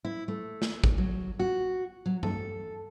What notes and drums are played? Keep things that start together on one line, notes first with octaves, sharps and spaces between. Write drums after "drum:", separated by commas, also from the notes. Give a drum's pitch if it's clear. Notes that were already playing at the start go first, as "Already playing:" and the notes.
E4
A3
drum: snare
drum: kick G#1
F#3
F#4
F#3
A4, drum: tom G2